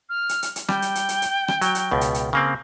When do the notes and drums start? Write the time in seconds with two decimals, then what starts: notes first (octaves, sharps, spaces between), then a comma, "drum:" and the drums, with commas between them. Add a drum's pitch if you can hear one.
0.09 F6
0.29 drum: hi-hat
0.42 drum: hi-hat
0.56 drum: hi-hat
0.69 G3 G5, drum: rim click
0.82 drum: hi-hat
0.95 drum: hi-hat
1.09 drum: hi-hat
1.22 drum: hi-hat
1.48 drum: rim click
1.62 F#3, drum: hi-hat
1.75 drum: hi-hat
1.91 C#2 B2
2.01 drum: hi-hat
2.14 drum: hi-hat
2.33 C#3 A#3 C4